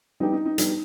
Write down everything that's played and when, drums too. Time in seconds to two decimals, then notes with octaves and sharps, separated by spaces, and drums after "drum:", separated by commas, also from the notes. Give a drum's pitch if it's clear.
0.20 G3 B3 D4 D#4 G4
0.32 D#4
0.45 D#4
0.58 G3 B3 D4 G4, drum: hi-hat